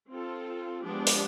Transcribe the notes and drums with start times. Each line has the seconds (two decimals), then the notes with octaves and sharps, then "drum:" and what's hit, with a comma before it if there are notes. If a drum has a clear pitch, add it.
0.10 C4 F4 A4
0.84 F3 G#3 B3 D4 G4
1.07 drum: open hi-hat